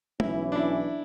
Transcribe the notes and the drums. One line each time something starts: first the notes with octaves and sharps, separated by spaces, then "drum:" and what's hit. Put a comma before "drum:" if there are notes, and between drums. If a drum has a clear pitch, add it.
B1 E3 C#4 E4, drum: tom
D4 E4